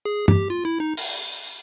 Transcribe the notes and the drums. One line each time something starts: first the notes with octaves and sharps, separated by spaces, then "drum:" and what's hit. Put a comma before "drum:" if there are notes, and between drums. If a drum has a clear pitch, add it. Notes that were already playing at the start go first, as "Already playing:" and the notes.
G#4
G4, drum: tom
F4
E4
D#4
drum: open hi-hat